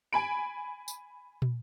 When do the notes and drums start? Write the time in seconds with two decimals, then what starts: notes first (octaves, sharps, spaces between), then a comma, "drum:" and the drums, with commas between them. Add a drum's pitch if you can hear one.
0.13 G#5 B5 D7
0.88 drum: tambourine
1.42 drum: tom